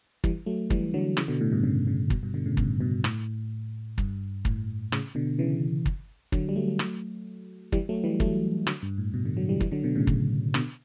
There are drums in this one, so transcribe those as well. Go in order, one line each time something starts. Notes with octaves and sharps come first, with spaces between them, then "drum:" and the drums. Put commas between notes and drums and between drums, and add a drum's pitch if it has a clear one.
E3 G3, drum: kick
F#3 A3
E3 G3, drum: kick
D3 F#3
C#3 E3, drum: rim click
B2 D3
A2
G2 B2
A2 C#3
A2 C#3
G2 B2, drum: kick
G2 B2
B2 D3
A2 C#3
G2 B2, drum: kick
G2 B2
A2, drum: rim click
G2, drum: kick
A2, drum: kick
A2 C#3, drum: rim click
B2 D3
C#3 E3
drum: kick
D3 F#3, drum: kick
G3
F#3 A3
F#3 A3
drum: rim click
E3 G3, drum: kick
F#3 A3
E3 G3
F#3 A3, drum: kick
D3 F#3, drum: rim click
G2
A2
G2 B2
B2 D3
D3 F#3
E3 G3
E3 G3, drum: kick
D3 F#3
B2 D3
A2 C#3
drum: kick
B2 D3, drum: rim click